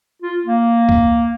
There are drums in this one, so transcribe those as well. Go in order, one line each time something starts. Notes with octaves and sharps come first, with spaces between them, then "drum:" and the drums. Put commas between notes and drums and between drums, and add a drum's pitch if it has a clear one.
F4
A#3
drum: kick C2